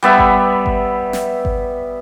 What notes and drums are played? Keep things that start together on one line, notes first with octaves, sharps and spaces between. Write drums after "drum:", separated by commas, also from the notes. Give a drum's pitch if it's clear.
G3 B3 E5
drum: kick G#1
drum: kick G#1
drum: snare
drum: kick G#1